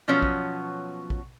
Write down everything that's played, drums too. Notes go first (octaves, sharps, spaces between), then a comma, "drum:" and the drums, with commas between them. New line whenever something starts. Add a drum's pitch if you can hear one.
B2 F3 F#3 B3 C#4 C#5
drum: kick A#1
drum: kick A#1